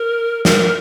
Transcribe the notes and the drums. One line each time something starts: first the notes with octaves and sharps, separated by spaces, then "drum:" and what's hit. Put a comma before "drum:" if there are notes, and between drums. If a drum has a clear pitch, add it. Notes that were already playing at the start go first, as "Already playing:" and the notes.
Already playing: A#4
A#4, drum: snare